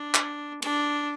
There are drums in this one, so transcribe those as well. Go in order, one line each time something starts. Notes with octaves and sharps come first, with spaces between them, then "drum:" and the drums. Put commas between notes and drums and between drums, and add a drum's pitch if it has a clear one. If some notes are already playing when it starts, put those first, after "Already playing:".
Already playing: D4
drum: clap
D4, drum: cymbal